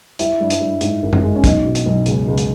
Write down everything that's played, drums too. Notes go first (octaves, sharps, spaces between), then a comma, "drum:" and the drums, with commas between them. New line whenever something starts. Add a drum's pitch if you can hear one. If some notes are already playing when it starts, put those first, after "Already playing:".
G3 E4, drum: hi-hat
G2
drum: hi-hat
G2
G#2, drum: hi-hat
G#1
drum: tom F#2
G#3
C#4
B1 D#4, drum: kick, hi-hat
B2
drum: hi-hat
B1
C#2, drum: hi-hat
C#2
drum: hi-hat